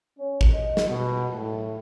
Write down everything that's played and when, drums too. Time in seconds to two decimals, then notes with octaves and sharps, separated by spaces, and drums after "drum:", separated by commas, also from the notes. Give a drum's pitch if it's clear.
0.19 C#4
0.41 drum: kick
0.52 D#5
0.77 drum: snare
0.88 B2
1.33 A2